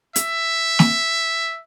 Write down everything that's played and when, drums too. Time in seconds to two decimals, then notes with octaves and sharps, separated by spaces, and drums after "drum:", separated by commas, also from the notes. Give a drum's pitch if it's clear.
0.16 E5, drum: hi-hat
0.79 drum: snare